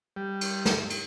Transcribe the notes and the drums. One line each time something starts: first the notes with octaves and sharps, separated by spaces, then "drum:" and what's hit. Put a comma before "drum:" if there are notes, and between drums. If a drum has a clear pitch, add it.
G3
drum: cymbal
drum: snare
drum: cymbal